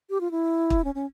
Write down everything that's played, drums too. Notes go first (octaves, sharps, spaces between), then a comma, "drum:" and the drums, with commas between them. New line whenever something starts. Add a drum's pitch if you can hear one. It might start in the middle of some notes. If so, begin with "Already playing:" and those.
G4
F4
E4
drum: kick
C#4
C#4